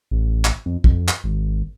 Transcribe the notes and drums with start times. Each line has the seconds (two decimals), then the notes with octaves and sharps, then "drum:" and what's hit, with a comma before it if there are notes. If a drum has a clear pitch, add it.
0.11 A1
0.45 drum: clap
0.66 F2
0.84 F2, drum: kick
1.08 drum: clap
1.24 G#1